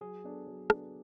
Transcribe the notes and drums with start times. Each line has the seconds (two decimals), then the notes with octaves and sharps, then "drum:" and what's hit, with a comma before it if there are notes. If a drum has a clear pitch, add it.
0.01 F#3 G#4
0.24 B3 D4 A4
0.47 F#3
0.70 B3 D4 A4, drum: rim click